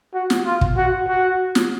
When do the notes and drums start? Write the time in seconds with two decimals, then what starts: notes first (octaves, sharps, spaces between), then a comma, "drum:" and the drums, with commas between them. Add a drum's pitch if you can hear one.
0.14 F#4
0.30 drum: snare
0.46 F4
0.61 drum: kick
0.77 F#4
1.08 F#4
1.55 drum: snare